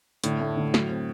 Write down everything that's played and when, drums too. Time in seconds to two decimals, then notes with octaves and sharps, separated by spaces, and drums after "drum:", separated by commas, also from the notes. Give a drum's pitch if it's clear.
0.24 A2 D3, drum: hi-hat
0.40 A3
0.57 D3
0.74 F#3, drum: snare
0.89 C4